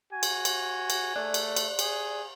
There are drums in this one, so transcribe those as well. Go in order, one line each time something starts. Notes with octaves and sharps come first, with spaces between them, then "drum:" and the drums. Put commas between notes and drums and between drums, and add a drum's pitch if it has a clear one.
F#4 G#5
drum: cymbal
drum: cymbal
drum: cymbal
A3 D5 F#6
drum: cymbal
drum: cymbal
G#4, drum: cymbal